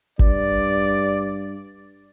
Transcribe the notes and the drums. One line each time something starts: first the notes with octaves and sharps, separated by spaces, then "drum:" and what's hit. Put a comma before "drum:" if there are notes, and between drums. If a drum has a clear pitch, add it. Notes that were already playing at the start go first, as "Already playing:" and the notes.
G2 D5, drum: kick G#1